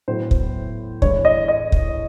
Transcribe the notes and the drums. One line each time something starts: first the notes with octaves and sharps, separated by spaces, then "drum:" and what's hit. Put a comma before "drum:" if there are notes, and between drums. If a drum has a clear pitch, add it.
A2 F#3 B3 C5
drum: kick
A2 E3 G#3 C#5, drum: kick
D#5
D#5
drum: kick